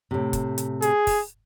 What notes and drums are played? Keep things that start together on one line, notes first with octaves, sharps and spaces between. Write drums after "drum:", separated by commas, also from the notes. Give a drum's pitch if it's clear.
A2 C3
drum: kick, hi-hat
drum: hi-hat
G#4, drum: hi-hat
drum: kick, open hi-hat